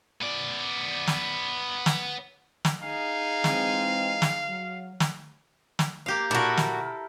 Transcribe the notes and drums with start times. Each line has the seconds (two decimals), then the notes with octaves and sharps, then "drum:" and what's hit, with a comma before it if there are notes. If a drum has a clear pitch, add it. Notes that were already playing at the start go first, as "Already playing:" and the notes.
0.22 B3 D5
1.07 drum: snare
1.86 drum: snare
2.65 drum: snare
2.83 D#4 G#4 F5
3.44 E3 G#3 C4, drum: snare
4.22 drum: snare
4.48 F#3
5.00 drum: snare
5.79 drum: snare
6.06 A#3 G4 F5
6.31 A#2 E4 F#4 A4 A#4
6.57 drum: snare